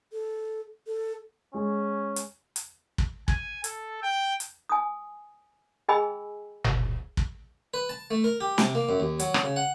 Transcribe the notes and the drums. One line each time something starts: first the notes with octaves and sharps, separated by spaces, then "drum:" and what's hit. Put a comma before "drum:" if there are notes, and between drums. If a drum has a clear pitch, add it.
A4
A4
G#3 C#4
drum: hi-hat
drum: hi-hat
drum: kick
G#5, drum: kick
A4, drum: hi-hat
G5
drum: hi-hat
G#5 D#6
G#4 D#5 G5 G#5 B5 E6
drum: tom F#1
drum: kick
B4
A5
A3
A#4
G4
C3, drum: snare
A#3
F#2
D#2
F#3, drum: hi-hat
drum: rim click
C#3
F#5